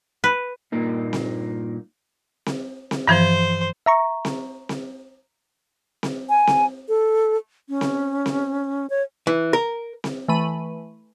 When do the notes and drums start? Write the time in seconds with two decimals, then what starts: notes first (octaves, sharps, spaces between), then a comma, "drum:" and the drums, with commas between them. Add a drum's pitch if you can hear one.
0.24 B4
0.72 G2 A#2 A#3 D#4
1.13 drum: snare C4
2.46 drum: snare C4
2.91 drum: snare C4
3.08 G2 E3 F3 C5
3.86 E5 A#5 C#6
4.25 drum: snare C4
4.69 drum: snare C4
6.03 drum: snare C4
6.29 G#5
6.47 drum: snare C4
6.88 A4
7.69 C#4
7.81 drum: snare C4
8.26 drum: snare C4
8.90 C#5
9.27 E3
9.53 A#4
10.04 drum: snare C4
10.28 E3 A3 B5 D#7